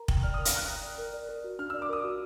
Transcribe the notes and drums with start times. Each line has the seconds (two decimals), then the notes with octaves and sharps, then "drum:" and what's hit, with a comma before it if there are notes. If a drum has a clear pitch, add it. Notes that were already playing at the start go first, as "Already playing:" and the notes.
Already playing: A#4 A#5
0.08 G5, drum: kick
0.23 D5 F6
0.34 D#6
0.38 A#4
0.45 F6, drum: hi-hat
0.54 A#5 F#6
0.68 G5
0.83 D5
0.98 A#4
1.14 D5
1.29 A#4
1.44 F#4
1.59 D4 F6
1.70 E6
1.74 D5
1.82 D6
1.89 A#4 D#6
2.04 F#4